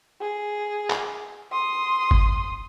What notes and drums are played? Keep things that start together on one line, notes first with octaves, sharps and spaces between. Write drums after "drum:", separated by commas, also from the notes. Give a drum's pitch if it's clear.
G#4
drum: clap
C6 D#6
drum: kick G1